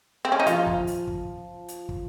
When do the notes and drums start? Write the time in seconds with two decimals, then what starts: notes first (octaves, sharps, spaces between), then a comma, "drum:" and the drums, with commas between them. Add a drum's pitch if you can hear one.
0.25 C4
0.32 C#4
0.40 D#4
0.46 F3 F4, drum: hi-hat
0.67 drum: kick
0.87 drum: open hi-hat
1.07 drum: kick
1.68 drum: hi-hat
1.89 drum: kick